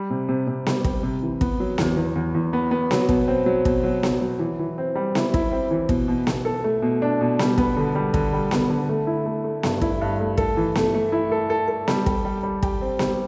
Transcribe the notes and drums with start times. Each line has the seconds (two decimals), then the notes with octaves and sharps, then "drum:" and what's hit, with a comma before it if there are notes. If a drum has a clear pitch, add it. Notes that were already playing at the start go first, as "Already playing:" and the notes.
Already playing: G3
0.10 C3
0.29 C3
0.47 C3
0.66 G3, drum: snare B3
0.84 G3, drum: kick
1.03 C3
1.22 E3
1.41 B3, drum: kick
1.60 F#3
1.78 E2, drum: snare B3
1.96 E2
2.16 E2
2.35 E2
2.53 B3
2.71 B3
2.91 F#3, drum: snare B3
3.09 B2, drum: kick
3.28 C4
3.46 F#3
3.65 B2, drum: kick
3.83 F#3
4.03 F#3, drum: snare B3
4.21 F#3
4.39 E3
4.59 E3
4.78 C4
4.95 G3
5.15 E4, drum: snare B3
5.34 E4, drum: kick
5.52 C4
5.71 E3
5.89 B2, drum: kick
6.08 B2
6.27 B2, drum: snare B3
6.45 A4
6.64 A3
6.82 B2
7.02 D4
7.21 B2
7.39 G3, drum: snare B3
7.58 B3, drum: kick
7.76 D3
7.95 G3
8.14 D3, drum: kick
8.33 G3
8.51 B3, drum: snare B3
8.70 D3
8.89 A3
9.07 E4
9.26 A3
9.44 A3
9.63 G2, drum: snare B3
9.81 E4, drum: kick
10.01 G2
10.20 A3
10.38 A4, drum: kick
10.57 E3
10.75 A3, drum: snare B3
10.94 A3
11.12 E4
11.32 A4
11.50 A4
11.68 A4
11.88 G3, drum: snare B3
12.06 G3, drum: kick
12.25 G3
12.43 G3
12.63 G4, drum: kick
12.81 C4
12.99 G3, drum: snare B3